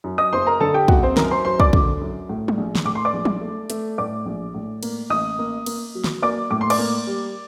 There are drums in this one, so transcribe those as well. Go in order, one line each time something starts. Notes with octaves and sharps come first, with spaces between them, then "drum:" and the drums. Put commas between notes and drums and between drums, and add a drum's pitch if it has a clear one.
F#2
D#5 D#6
F#1 C5 C6
A#4 A#5
D3 A4 A5
G4 G5
F#1 F#4 F#5, drum: kick
C4 C5
F#2 A#4 A#5, drum: snare
C5 C6
F#2 C5 C6
D5 D6, drum: kick
D3, drum: kick
F#2
A2
drum: tom
A#1
drum: snare
A2 D6
C6
D5 D6
A#1
drum: tom
A3
A3, drum: hi-hat
A2 D5 D6
A#1
A2
A#3, drum: cymbal
A1 D#5 D#6
A#3
A#3, drum: cymbal
F#3
drum: snare
A#3 D5 D6
A2 D6
C6
D5 D6, drum: cymbal
A#3
G3